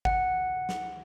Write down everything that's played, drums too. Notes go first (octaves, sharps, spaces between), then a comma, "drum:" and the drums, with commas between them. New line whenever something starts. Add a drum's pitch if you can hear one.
F#5, drum: kick
drum: snare